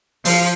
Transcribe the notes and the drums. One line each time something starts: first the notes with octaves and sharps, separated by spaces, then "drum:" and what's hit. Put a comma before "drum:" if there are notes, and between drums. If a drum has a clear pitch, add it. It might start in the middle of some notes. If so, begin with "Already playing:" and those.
F3, drum: open hi-hat